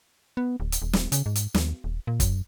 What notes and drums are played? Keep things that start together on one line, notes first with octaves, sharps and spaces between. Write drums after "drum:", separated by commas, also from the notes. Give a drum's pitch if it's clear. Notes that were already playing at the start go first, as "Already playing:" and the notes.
B3
D1
drum: hi-hat
D#1
drum: snare
C#3, drum: hi-hat
G#2
drum: hi-hat
D#2, drum: snare
D#1
A#2
F#2, drum: kick, hi-hat